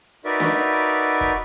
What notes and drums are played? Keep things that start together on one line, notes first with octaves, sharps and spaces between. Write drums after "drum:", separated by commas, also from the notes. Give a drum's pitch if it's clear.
D#4 F#4 A#4 B4 D5 E5
drum: snare D4
drum: kick